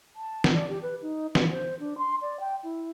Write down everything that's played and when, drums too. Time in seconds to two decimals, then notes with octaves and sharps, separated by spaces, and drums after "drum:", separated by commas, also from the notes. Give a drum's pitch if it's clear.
0.16 A5
0.44 drum: snare
0.54 D5
0.69 G4
0.82 B4
1.02 D#4
1.35 B3, drum: snare
1.51 C5
1.80 D4
1.98 C6
2.22 D5
2.40 G5
2.64 E4